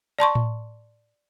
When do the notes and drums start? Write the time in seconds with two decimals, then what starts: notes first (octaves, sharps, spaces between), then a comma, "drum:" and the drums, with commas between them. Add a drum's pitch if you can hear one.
0.18 D5 A5 C6 C#6
0.35 drum: tom A2